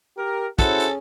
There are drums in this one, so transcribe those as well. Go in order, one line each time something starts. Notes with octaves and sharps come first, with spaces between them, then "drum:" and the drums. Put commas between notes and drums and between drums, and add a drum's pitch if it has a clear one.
G4 A#4
C#4 E4 F#4 G#4 A4 C5, drum: kick, hi-hat
drum: hi-hat